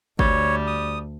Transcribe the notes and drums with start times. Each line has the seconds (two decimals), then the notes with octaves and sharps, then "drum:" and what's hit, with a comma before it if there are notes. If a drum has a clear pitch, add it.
0.19 D2 G3 C#5, drum: kick G1
0.67 D#6